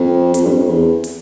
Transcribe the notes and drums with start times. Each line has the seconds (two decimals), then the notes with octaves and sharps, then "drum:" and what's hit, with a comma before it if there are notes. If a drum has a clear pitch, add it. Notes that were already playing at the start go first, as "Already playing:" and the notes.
Already playing: F2
0.34 F2, drum: hi-hat
0.46 G2
0.52 F2
0.69 E2
1.04 drum: open hi-hat